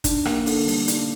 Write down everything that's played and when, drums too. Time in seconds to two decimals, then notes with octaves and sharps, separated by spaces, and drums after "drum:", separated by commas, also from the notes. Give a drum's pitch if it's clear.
0.04 D4, drum: kick, hi-hat
0.25 A#3, drum: rim click
0.46 D3, drum: open hi-hat
0.67 G3, drum: open hi-hat
0.88 D4, drum: hi-hat